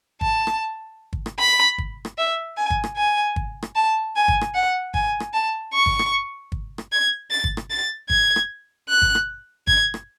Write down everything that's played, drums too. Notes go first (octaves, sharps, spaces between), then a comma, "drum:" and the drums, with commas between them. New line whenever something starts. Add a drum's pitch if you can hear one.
A5, drum: kick
drum: rim click
drum: kick
drum: rim click
B5
drum: kick
drum: rim click
E5
G#5
drum: kick
drum: rim click
G#5
drum: kick
drum: rim click
A5
G#5
drum: kick
drum: rim click
F#5
G#5, drum: kick
drum: rim click
A5
C#6
drum: kick
drum: rim click
drum: kick
drum: rim click
G#6
A6
drum: kick
drum: rim click
A6
G#6, drum: kick
drum: rim click
F#6
drum: kick
drum: rim click
G#6, drum: kick
drum: rim click